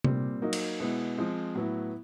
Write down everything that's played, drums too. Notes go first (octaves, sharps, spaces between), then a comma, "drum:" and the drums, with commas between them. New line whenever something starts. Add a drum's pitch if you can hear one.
A#2 G3 C4, drum: tom C3
F#3 A#3 D#4
drum: cymbal
B2 G#3 B3 E4
F3 G#3 C4
A2 F#3 B3 E4